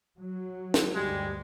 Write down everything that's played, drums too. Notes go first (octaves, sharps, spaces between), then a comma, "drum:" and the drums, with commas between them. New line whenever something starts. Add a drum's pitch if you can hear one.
F#3
drum: snare
D2 G2 G3 G#3 G4